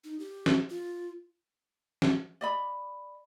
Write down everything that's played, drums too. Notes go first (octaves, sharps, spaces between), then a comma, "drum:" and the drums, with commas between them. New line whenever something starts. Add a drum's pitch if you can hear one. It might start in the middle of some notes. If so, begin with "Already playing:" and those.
D#4
G4
drum: snare
F4
drum: snare
D5 D#5 B5